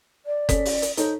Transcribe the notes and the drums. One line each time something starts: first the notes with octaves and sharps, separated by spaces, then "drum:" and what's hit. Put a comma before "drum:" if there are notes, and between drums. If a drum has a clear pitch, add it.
D5
C#4 A4 B6, drum: kick F#1, hi-hat
drum: open hi-hat
drum: hi-hat
D#4 A4 C5 C#5, drum: hi-hat